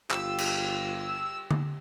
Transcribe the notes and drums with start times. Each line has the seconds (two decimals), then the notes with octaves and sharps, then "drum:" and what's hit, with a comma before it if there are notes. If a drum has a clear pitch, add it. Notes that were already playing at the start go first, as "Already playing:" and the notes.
0.11 G1 F4 G4 E6, drum: clap
0.38 drum: cymbal
1.51 drum: tom D3